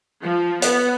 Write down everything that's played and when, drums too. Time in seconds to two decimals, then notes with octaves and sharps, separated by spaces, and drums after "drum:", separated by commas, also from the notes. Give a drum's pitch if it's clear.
0.23 F3
0.62 B3, drum: hi-hat